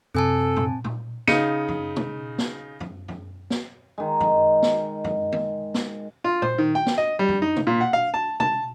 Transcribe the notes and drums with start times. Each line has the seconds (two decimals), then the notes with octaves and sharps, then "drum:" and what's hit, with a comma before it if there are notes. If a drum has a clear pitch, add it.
0.15 F#2 C3 C4 A4 G#5 A5
0.56 drum: tom A#2
0.84 drum: tom A#2
1.28 C#3 D#4 C#7 D#7, drum: snare
1.68 drum: tom F#2
1.96 drum: tom B2
2.38 drum: snare
2.80 drum: tom F#2
3.08 drum: tom F#2
3.50 drum: snare
3.98 D#3 G#3
4.20 drum: tom F#2
4.62 drum: snare
5.04 drum: tom F#2
5.32 drum: tom D#3
5.74 drum: snare
6.24 F4
6.42 C5, drum: tom A#2
6.58 D#3
6.75 G5
6.86 drum: snare
6.98 D#5
7.19 G3
7.28 drum: tom F#2
7.42 D#4
7.56 drum: tom B2
7.67 A#2
7.81 F#5
7.93 F5
8.14 A5
8.40 A5, drum: tom B2